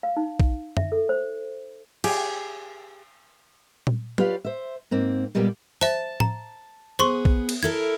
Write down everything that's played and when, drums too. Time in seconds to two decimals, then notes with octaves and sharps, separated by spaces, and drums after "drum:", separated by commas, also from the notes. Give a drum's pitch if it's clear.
0.03 F5
0.17 D#4
0.40 drum: kick A#1
0.77 E5, drum: tom F#2
0.92 A4
1.09 C5
2.04 G4 G#4, drum: cymbal
3.87 drum: tom A#2
4.18 F4 G4 B4 C#5 D5 F5, drum: tom F#3
4.45 C5 E5
4.91 G#2 A#3 C4
5.35 A#2 G3 G#3 A#3 B3 G4
5.81 C5 E5 A5, drum: open hi-hat
6.20 A#5, drum: tom A2
6.99 B3 G#4 C5 C6 C#6
7.25 drum: kick A#1
7.49 drum: cymbal
7.63 E4 A4 A#4 G#6